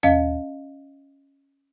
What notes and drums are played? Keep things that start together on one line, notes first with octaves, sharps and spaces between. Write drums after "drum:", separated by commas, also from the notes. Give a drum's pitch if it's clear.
C#4 D#5 F5, drum: tom D#2